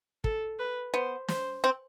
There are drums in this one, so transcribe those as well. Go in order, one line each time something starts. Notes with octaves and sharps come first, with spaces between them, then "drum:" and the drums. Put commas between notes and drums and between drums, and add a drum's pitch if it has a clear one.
A4, drum: kick
B4
B3 C5
C5, drum: snare
C4